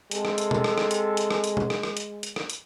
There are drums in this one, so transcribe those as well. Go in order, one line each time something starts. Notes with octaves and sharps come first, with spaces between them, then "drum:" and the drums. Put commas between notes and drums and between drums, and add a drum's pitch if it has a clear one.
C3 G#3 A4, drum: hi-hat
drum: rim click
drum: hi-hat
drum: tom B2
drum: rim click
drum: rim click
drum: hi-hat
drum: hi-hat
drum: rim click
drum: hi-hat
drum: tom B2
drum: rim click
drum: rim click
drum: hi-hat
drum: hi-hat
drum: rim click
drum: hi-hat